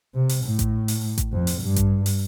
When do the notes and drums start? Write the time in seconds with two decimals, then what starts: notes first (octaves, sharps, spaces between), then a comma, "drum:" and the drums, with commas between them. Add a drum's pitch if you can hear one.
0.14 C3
0.29 drum: open hi-hat
0.44 A2
0.59 drum: kick A1, hi-hat
0.88 drum: open hi-hat
1.18 drum: kick A1, hi-hat
1.32 F2
1.47 drum: open hi-hat
1.61 G2
1.76 drum: kick A1, hi-hat
2.06 drum: open hi-hat